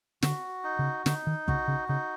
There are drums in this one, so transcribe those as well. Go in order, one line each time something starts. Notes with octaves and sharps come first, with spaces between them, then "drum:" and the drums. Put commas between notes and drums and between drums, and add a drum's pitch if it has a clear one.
D3 F#4, drum: snare
D#4
C#3
D3 D#4, drum: snare
D#3
C#3 F#4, drum: kick
C#3
C#3 D#4